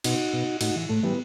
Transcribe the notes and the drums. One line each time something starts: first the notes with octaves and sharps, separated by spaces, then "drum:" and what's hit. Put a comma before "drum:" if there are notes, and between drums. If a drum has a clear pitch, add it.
B2 D#4 F#4, drum: cymbal
B2
A2 D#4 F#4, drum: cymbal
E3
A2 A3
E3 G3 B3